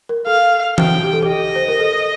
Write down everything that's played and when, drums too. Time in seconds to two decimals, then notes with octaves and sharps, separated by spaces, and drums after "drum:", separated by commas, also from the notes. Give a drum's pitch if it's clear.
0.09 A#4
0.26 A4 F5
0.78 G5, drum: tom E3
1.03 G4
1.13 A4
1.22 G4
1.29 D#5
1.55 C5
1.68 A#4
1.79 A4